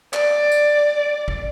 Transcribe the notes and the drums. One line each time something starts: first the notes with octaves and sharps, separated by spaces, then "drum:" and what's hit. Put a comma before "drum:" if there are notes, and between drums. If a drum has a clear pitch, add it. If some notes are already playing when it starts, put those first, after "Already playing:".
D5, drum: clap
drum: tambourine
drum: kick